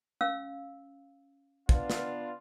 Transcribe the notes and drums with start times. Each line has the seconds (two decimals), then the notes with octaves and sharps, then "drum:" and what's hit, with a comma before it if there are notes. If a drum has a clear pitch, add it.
0.21 C#4 F5 E6
1.69 B3 D4 F4, drum: kick
1.90 drum: snare